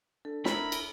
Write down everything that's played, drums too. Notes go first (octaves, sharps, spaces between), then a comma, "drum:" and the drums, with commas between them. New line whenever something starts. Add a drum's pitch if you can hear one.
D4 A4
E4 A#4 A#5 B5, drum: snare
drum: cymbal